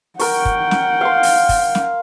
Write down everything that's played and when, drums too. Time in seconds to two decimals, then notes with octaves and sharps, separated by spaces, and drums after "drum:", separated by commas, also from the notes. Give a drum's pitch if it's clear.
0.19 A#4 F#5 G5 C#6, drum: open hi-hat
0.45 drum: kick
0.71 drum: snare
1.01 F5 C6
1.23 drum: open hi-hat
1.49 drum: kick, open hi-hat
1.75 drum: snare